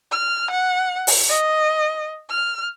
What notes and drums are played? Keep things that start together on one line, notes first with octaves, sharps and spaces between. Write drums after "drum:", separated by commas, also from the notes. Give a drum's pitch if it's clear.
F6
F#5
drum: open hi-hat
D#5
F6